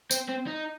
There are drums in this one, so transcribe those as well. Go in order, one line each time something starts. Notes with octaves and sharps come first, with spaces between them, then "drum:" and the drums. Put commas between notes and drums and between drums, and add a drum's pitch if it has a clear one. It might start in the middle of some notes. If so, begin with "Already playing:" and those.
C4, drum: tambourine
C4
D#4